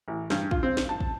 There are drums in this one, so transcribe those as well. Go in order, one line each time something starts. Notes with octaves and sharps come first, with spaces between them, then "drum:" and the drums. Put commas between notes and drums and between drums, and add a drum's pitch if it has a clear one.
A1
G2, drum: snare
F4, drum: kick
C4
drum: snare
A5
drum: kick